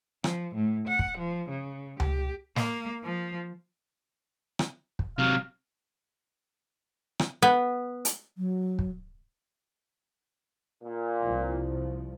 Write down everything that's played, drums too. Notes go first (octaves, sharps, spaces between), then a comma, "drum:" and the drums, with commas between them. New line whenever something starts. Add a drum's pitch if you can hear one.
F3, drum: rim click
A2
F#5
drum: kick
F3
C#3
G4, drum: tom C#2
A#3, drum: snare
F3
drum: rim click
drum: kick
C3 F#3 F5
drum: rim click
B3
drum: hi-hat
F#3
drum: kick
A#2
C2 F3